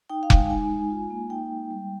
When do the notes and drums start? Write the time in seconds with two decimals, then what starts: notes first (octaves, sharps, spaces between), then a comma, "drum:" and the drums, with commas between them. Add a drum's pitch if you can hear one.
0.10 D#4 G5
0.23 F5
0.30 G#3, drum: kick F1
0.37 G#5
0.50 D#4 G#5
0.70 G#3
0.90 F4
1.10 A#3
1.30 D#4 G5
1.50 G#3
1.71 G3